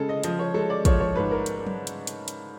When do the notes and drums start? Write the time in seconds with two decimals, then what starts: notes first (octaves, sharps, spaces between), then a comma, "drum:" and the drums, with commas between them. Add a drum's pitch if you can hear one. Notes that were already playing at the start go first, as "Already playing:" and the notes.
Already playing: C#3 G#3 G#4 A4
0.09 D#5
0.24 F3 D#5, drum: hi-hat
0.39 C#5
0.54 G#3 A4
0.70 D5
0.85 F3 C#5, drum: kick, hi-hat
1.00 C#5
1.15 G#2 B4
1.31 A#4
1.46 drum: hi-hat
1.67 drum: tom F#3
1.87 drum: hi-hat
2.07 drum: hi-hat
2.28 drum: hi-hat